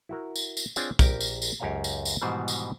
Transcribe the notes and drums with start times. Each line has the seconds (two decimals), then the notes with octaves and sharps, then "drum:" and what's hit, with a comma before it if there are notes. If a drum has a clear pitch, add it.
0.09 E4 F#4 A#4
0.36 drum: tambourine
0.57 drum: tambourine
0.76 C4 D4 F4 G#4 C#5 G5, drum: tambourine
0.99 A#1 G4 A#4, drum: kick, tambourine
1.20 drum: tambourine
1.42 drum: tambourine
1.60 C#2 F#2 G4 C#5 F5 A#5
1.84 drum: tambourine
2.05 drum: tambourine
2.21 G#2 B2 D#3 E3 G3 C5
2.48 drum: tambourine